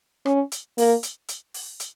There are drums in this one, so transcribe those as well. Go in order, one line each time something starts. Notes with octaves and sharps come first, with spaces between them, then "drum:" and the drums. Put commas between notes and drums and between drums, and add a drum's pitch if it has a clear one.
C#4, drum: rim click
drum: hi-hat
A#3, drum: open hi-hat
drum: hi-hat
drum: hi-hat
drum: open hi-hat
drum: hi-hat